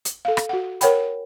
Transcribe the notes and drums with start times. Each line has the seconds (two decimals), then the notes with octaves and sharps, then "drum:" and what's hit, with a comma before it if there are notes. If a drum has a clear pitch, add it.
0.05 drum: hi-hat
0.25 A4 F5
0.37 drum: rim click
0.49 F#4 F#5
0.81 A#4 C#5 F#5 G5 B5, drum: hi-hat